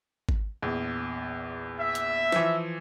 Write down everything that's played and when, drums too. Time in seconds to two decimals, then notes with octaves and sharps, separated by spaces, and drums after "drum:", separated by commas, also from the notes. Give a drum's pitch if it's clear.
0.29 drum: kick G#1
0.62 A#1 E2
1.79 E5
1.95 drum: hi-hat
2.32 E3 F3, drum: snare